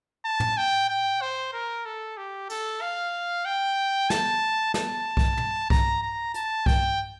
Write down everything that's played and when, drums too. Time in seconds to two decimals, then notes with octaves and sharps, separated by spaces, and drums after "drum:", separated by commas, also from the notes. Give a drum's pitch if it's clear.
0.25 A5
0.40 drum: tom
0.57 G5
0.89 G5
1.21 C5
1.53 A#4
1.85 A4
2.17 G4
2.50 A4, drum: cymbal
2.81 F5
3.45 G5
4.10 A5, drum: snare
4.74 A5, drum: snare
5.17 drum: kick B1
5.37 drum: tom
5.70 A#5, drum: kick B1
6.02 A#5
6.34 A5, drum: hi-hat
6.66 G5, drum: kick B1